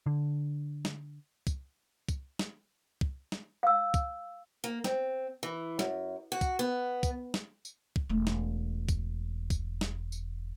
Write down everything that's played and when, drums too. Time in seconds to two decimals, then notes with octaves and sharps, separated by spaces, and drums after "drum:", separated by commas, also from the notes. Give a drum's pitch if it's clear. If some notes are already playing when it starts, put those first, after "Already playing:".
0.06 D3
0.85 drum: snare
1.47 drum: kick, tambourine
2.09 drum: kick, tambourine
2.39 drum: snare
3.01 drum: kick
3.32 drum: snare
3.63 F5 E6
3.94 drum: kick, tambourine
4.64 A#3
4.84 C4, drum: snare
5.43 E3
5.79 F#2, drum: snare
6.32 F#4
6.41 drum: kick, tambourine
6.59 B3
7.03 drum: kick, tambourine
7.34 drum: snare
7.65 drum: tambourine
7.96 drum: kick
8.09 E1 A3
8.27 drum: snare
8.89 drum: kick, tambourine
9.50 drum: kick, tambourine
9.81 drum: snare
10.12 drum: tambourine